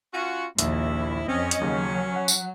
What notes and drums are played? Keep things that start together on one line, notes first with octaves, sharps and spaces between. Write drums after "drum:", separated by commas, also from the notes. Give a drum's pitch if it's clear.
C#4 F4 F#4
A#1 D#2 E4, drum: hi-hat
F2 C4 C#4 D#5
drum: hi-hat
D#2 C#3 F#3
F#5
drum: tambourine